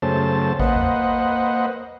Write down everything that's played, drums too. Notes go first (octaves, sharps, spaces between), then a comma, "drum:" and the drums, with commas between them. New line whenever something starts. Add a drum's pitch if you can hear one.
F#2 C#3 A3 C#4 C5 A5
A#3 B4 C5 D#5 F#5, drum: kick G#1
drum: tom E2